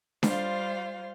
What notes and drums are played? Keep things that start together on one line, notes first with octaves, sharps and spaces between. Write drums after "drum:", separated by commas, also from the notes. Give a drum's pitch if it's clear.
G3 F4 C5 F5, drum: snare D4